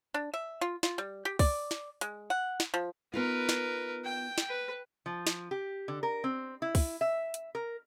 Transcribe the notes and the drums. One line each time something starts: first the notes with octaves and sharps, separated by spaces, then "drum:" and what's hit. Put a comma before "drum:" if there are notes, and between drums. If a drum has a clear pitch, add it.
D4
E5
F4
F4, drum: snare
G3
G4
D5, drum: kick, open hi-hat
drum: snare
G#3, drum: hi-hat
F#5
drum: snare
F3
B3 D#4 F4 A#4 B4
drum: snare
G5
drum: snare
B4
F3
drum: snare
G4
D3
A#4
C4
E4
drum: kick, open hi-hat
E5
drum: hi-hat
A#4